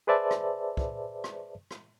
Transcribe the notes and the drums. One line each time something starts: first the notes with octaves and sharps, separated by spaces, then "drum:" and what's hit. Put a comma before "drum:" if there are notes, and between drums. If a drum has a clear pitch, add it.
G#4 B4 C5 D5 E5 A5
drum: rim click
drum: kick
drum: rim click
drum: rim click